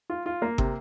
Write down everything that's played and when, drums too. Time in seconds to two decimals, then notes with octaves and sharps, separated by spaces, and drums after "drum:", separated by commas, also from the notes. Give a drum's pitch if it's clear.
0.10 F4
0.26 F4
0.42 A#3
0.58 C3, drum: kick